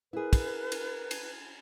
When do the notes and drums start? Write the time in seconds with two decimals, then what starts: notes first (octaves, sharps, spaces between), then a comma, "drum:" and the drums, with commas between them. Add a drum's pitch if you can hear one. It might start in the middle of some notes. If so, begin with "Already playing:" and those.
0.13 E4 G#4 A#4 B4
0.33 drum: kick, cymbal
0.72 drum: cymbal
1.11 drum: cymbal